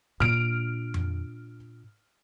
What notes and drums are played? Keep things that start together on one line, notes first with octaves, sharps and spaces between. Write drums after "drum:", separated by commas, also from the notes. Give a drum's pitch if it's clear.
A#2 D4 F6 D7
drum: tom F2